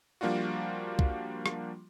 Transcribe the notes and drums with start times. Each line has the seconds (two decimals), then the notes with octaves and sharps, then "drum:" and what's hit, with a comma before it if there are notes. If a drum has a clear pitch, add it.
0.21 F3 G3 A#3 D4 F4 F#4
0.99 drum: kick C2
1.46 drum: rim click